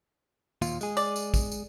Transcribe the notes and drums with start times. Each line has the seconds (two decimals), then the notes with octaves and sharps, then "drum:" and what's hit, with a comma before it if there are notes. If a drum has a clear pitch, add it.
0.62 D#2 A#2 F4, drum: tambourine
0.81 G#3 G#4, drum: tambourine
0.97 D5, drum: tambourine
1.16 drum: tambourine
1.34 drum: kick, tambourine
1.52 drum: tambourine